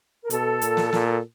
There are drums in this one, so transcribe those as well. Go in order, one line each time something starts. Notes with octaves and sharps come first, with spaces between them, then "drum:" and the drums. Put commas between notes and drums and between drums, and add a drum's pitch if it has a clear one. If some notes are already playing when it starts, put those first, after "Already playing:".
A#4
B2 A4, drum: hi-hat
A#2, drum: hi-hat
drum: snare
A#2, drum: snare